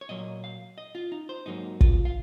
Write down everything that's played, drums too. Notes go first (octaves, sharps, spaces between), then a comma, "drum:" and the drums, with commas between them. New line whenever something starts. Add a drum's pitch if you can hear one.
C#5
A#2 F#3 A#3 D#5
F5
D#5
F4
D#4
C5
G#2 F#3 A#3 D#4
F4, drum: kick
F5